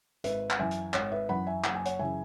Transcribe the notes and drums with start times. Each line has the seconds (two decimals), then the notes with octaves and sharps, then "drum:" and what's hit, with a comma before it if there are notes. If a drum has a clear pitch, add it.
0.24 G#1 B4 E5, drum: hi-hat
0.50 F#5, drum: clap
0.59 F#2 E3 E5 G#5
0.71 drum: hi-hat
0.94 G#1 C#5 F#5, drum: clap
1.12 B4 E5
1.29 F#2 E3 F#5 B5
1.47 E5 G#5
1.64 F#1 F#5, drum: clap
1.75 G#5
1.85 C#5 F#5, drum: hi-hat
1.99 F#2 C#3 E3 E5 G#5